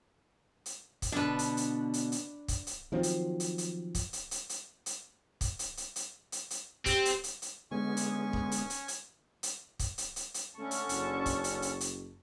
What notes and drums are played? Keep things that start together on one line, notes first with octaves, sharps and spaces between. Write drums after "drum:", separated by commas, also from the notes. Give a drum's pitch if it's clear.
drum: hi-hat
drum: kick, hi-hat
B2 D3 D4 B4
drum: hi-hat
drum: hi-hat
drum: hi-hat
drum: hi-hat
drum: kick, hi-hat
drum: hi-hat
D#3 F3 F#3 C4
drum: hi-hat
drum: hi-hat
drum: hi-hat
drum: kick, hi-hat
drum: hi-hat
drum: hi-hat
drum: hi-hat
drum: hi-hat
drum: kick, hi-hat
drum: hi-hat
drum: hi-hat
drum: hi-hat
drum: hi-hat
drum: hi-hat
C4 G4, drum: kick, hi-hat
drum: hi-hat
drum: hi-hat
drum: hi-hat
D3 G#3 B3 C#4 G#5 C#6
drum: hi-hat
drum: kick
drum: hi-hat
drum: hi-hat
drum: hi-hat
drum: hi-hat
drum: kick, hi-hat
drum: hi-hat
drum: hi-hat
drum: hi-hat
D3 A3 C#4 A5 C#6
drum: hi-hat
F#1, drum: hi-hat
drum: kick, hi-hat
drum: hi-hat
drum: hi-hat
drum: hi-hat